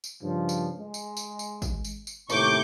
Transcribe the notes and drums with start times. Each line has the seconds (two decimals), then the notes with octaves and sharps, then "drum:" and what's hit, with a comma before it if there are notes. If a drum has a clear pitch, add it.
0.04 drum: tambourine
0.21 G2 C#3 F3
0.49 drum: tambourine
0.78 G#3
0.94 drum: tambourine
1.17 drum: tambourine
1.39 drum: tambourine
1.62 drum: kick, tambourine
1.84 drum: tambourine
2.07 drum: tambourine
2.30 D#2 A2 C3 C#6 D6 G6, drum: tambourine